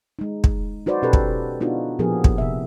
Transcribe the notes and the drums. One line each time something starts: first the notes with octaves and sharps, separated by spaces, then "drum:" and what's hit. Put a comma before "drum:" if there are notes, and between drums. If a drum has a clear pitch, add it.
G#3 D#4
drum: kick
D#4 F#4 B4 C5 D5
B2 C#4 G4 A4 B4
drum: kick
B3 D4 D#4 F4 F#4
A#2 F3 B3 G4 G#4 A#4
drum: kick
C3 E5